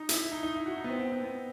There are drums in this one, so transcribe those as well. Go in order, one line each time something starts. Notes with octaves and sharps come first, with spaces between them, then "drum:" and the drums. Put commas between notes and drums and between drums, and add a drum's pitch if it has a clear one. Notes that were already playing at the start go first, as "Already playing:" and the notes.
Already playing: D#4
E4, drum: hi-hat
D#4
D#4
E4
F#4
D#4
B3
C4
C4
B3
B3